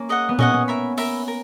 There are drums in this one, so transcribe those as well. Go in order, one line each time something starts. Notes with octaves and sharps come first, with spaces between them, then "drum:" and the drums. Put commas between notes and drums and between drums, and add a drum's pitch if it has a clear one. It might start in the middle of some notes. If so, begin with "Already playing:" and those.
Already playing: A#3 C#4
G#4 D#5 F#5
B3
C#4 G#4 D#5 F#5, drum: tom A#2
C#4
A#4 E5 B5
A#4 E5 B5, drum: open hi-hat
A#4